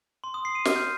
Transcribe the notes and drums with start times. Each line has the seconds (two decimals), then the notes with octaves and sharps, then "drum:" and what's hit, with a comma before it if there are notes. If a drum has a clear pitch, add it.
0.24 C6
0.34 D#6
0.45 C7
0.55 D#7
0.65 F6, drum: snare
0.76 G6